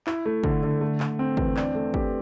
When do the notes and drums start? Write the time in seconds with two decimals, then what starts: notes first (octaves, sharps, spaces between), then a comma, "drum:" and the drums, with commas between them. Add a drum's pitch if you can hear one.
0.07 E4, drum: clap
0.26 A3
0.44 D3, drum: kick
0.63 D3
0.81 A3
1.00 D3, drum: clap
1.19 C4
1.37 E2, drum: kick
1.57 D4, drum: clap
1.75 A3
1.94 G4, drum: kick